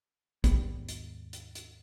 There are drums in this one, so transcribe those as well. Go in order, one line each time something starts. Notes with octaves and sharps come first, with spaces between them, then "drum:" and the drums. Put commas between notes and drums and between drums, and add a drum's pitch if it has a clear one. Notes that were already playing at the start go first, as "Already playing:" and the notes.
D#2 G#2 G3 B3, drum: kick, hi-hat
drum: hi-hat
drum: hi-hat
drum: hi-hat